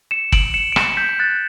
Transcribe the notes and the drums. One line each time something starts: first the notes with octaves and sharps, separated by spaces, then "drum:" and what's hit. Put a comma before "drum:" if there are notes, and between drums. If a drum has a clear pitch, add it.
C#7 E7
D7 F#7, drum: kick G1
C#7 E7
D7
C#7 E7, drum: rim click
G6 B6
G6
F#6 A6